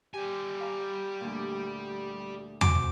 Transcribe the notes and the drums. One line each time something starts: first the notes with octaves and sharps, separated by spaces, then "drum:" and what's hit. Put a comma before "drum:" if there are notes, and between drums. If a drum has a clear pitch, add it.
G3 G4 G#5
F5 A#5
D2 A#2
C4 F#4 C5 D6, drum: tom E2